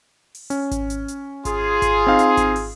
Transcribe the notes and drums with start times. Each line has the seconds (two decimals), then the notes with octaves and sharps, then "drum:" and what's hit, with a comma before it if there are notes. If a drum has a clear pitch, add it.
0.35 drum: open hi-hat
0.50 C#4, drum: hi-hat
0.71 drum: kick G#1, hi-hat
0.90 drum: hi-hat
1.08 drum: hi-hat
1.45 F4 G#4, drum: kick G#1, hi-hat
1.82 drum: kick G#1, hi-hat
2.07 C4 D#4 F5
2.19 drum: hi-hat
2.37 drum: kick G#1, hi-hat
2.56 drum: open hi-hat